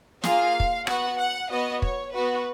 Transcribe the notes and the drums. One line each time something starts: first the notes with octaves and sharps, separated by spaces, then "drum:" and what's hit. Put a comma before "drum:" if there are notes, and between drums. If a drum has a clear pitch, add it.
A#3 F4 G#4 F5, drum: snare
drum: kick
B3 F#4 F#5, drum: rim click
F#5
B3 F#4 D#5
C#5, drum: kick
B3 F#4 B4